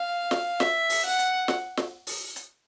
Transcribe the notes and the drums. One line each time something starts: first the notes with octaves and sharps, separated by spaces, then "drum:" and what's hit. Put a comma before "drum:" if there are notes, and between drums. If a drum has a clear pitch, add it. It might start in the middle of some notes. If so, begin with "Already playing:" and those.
Already playing: F5
drum: snare
E5, drum: snare
drum: open hi-hat
F#5
drum: hi-hat
drum: snare
drum: snare
drum: open hi-hat
drum: hi-hat